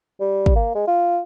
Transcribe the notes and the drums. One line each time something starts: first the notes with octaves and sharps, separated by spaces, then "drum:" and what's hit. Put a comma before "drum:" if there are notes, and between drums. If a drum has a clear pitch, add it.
G3
drum: kick
A#3
G#3
F4